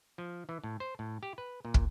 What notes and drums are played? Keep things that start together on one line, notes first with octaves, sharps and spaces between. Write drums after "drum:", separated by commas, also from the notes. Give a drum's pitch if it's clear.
F3
E3
A2
C5
A2
G4
B4
A#2
drum: kick